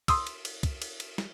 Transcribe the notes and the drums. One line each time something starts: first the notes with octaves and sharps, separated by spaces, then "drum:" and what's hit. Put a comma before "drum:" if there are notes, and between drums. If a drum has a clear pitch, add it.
C6 D#6 E6, drum: kick, cymbal
drum: cymbal
drum: cymbal
drum: kick, cymbal
drum: cymbal
drum: cymbal
drum: snare